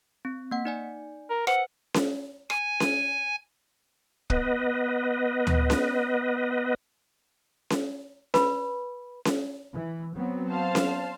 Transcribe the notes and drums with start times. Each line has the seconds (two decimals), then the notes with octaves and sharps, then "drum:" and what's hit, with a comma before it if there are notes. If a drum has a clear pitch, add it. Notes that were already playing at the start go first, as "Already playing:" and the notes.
0.25 C4
0.51 A#3 F#5
0.65 D#4 D5 G#5
1.30 A#4
1.47 B4 C5 F#5, drum: rim click
1.94 drum: snare C#4
2.50 G#5, drum: rim click
2.80 drum: snare C#4
4.30 B3 B4 D#5, drum: kick
5.47 drum: tom D2
5.70 drum: snare C#4
7.70 drum: snare C#4
8.34 B4 B5, drum: snare C#4
9.25 drum: snare C#4
9.73 E3
10.15 F#3 B3 C4
10.50 C5 F5 A5
10.75 drum: snare C#4